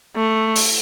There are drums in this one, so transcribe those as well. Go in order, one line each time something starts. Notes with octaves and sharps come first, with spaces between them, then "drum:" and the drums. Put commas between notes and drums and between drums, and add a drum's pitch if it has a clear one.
A3
drum: open hi-hat